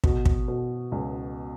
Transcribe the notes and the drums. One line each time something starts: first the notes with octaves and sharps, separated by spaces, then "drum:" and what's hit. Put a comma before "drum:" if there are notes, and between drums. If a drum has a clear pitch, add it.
B2, drum: kick
drum: kick
B2
C#2